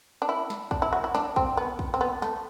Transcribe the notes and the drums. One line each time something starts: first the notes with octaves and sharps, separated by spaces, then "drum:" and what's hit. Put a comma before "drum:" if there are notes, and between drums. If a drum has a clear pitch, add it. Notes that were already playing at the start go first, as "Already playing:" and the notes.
D4
E4
drum: snare
D4, drum: kick
E4
F#4
E4
D4, drum: snare
C4, drum: kick
B3
drum: kick
C4
B3
A3, drum: snare